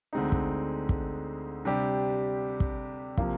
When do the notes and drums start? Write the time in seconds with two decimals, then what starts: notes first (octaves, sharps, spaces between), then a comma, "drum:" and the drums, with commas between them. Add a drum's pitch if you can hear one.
0.13 D2 D3 G#3 C4 D#4
0.32 drum: kick
0.89 drum: kick
1.65 C3 G3 D4 G4
2.60 drum: kick
3.17 C3 F3 A#3 F4, drum: kick